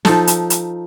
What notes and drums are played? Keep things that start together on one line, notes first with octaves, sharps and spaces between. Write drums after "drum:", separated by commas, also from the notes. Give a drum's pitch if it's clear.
F3 D#4 A4, drum: snare
drum: hi-hat
drum: hi-hat